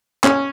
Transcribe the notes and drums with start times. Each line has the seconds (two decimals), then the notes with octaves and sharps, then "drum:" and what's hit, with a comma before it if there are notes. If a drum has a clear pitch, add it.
0.24 C#4, drum: clap